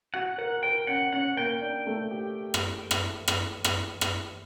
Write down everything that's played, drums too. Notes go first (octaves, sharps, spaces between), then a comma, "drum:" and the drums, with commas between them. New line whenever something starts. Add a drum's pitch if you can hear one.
F#4 F#5
A#4 F#5
A#4 G5
C#4 F#5
C#4 F#5
A#3 G5
D4
A3
G4
drum: rim click
drum: rim click
drum: rim click
drum: rim click
drum: rim click